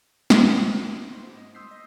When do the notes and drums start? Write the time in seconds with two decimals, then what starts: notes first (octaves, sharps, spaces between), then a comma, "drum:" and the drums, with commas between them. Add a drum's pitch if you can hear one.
0.30 drum: snare
1.11 E4 F#4 C5
1.22 G#2
1.35 D#5
1.55 C6 D#6 E6 G6 B6 C7
1.71 D#5